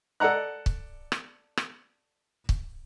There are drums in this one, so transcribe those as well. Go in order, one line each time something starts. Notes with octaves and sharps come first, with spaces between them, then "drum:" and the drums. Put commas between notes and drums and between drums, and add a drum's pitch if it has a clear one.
A4 D5 F#5 A#5 F#6
drum: kick
drum: rim click
drum: rim click
drum: kick